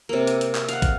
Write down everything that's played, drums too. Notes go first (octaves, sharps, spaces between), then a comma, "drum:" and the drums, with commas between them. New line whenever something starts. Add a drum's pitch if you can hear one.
C3 A#3
drum: hi-hat
drum: hi-hat
drum: clap
F5 F#5, drum: hi-hat
drum: kick, hi-hat